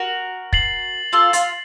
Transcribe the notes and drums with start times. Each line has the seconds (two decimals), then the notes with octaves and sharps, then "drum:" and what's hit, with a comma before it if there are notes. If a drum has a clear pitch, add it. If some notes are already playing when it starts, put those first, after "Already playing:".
Already playing: F#4 A#4
0.53 A6 C7 F#7, drum: kick
1.13 F4 A4
1.33 F4, drum: hi-hat